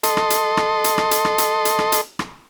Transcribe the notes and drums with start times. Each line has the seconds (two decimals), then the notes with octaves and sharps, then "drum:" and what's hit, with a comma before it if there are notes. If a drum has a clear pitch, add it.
0.03 A4 D#5 C6, drum: hi-hat
0.17 drum: rim click
0.30 drum: hi-hat
0.57 drum: rim click
0.84 drum: hi-hat
0.98 drum: rim click
1.11 drum: hi-hat
1.25 drum: rim click
1.38 drum: hi-hat
1.65 drum: hi-hat
1.79 drum: rim click
1.92 drum: hi-hat
2.19 drum: rim click